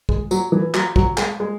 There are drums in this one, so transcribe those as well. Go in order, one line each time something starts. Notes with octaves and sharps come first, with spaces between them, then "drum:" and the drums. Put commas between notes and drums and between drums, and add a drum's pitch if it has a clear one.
G#3, drum: kick
F#3, drum: tambourine
E3
F#3, drum: clap
F#3, drum: kick
G#3, drum: clap
G#3